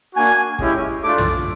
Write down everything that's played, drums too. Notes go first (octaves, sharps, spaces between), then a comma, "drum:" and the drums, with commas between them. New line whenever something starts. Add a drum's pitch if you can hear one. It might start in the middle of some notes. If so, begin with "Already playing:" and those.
A#3 D4 F#4 G#5
G#3 C#4 E4 G4, drum: kick
A3 D4 F4 D6
drum: tom